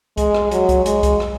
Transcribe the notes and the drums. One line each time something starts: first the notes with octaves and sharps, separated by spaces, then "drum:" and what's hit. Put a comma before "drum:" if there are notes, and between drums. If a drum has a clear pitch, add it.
G#3, drum: kick C2, hi-hat
drum: rim click
F#3, drum: hi-hat
drum: kick C2, hi-hat
G#3, drum: hi-hat
drum: kick C2, hi-hat
drum: rim click